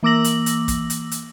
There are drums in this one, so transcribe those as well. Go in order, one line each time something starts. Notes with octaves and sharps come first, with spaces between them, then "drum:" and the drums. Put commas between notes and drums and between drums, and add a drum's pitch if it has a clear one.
E3 A#3 D6 E6 A#6 F#7
drum: hi-hat
drum: hi-hat
drum: kick, hi-hat
drum: hi-hat
drum: hi-hat